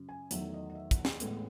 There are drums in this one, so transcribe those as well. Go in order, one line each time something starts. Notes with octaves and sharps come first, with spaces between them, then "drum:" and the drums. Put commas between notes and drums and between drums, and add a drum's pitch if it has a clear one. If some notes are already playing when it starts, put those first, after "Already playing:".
Already playing: F#2 C#3
G#5
E2 D#3 F#3 A3 E5, drum: hi-hat
D#5
D#5
E5
F#5, drum: kick, hi-hat
G#4, drum: snare
A1 A2 G#3 B3 A4, drum: hi-hat